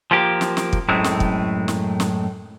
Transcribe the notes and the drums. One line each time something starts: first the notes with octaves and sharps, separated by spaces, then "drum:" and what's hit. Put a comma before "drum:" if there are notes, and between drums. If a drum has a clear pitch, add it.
F3 A#3 G4
drum: snare
drum: snare
drum: kick
F#2 A2 G#3 A3 C4
drum: snare
drum: kick
drum: snare
drum: snare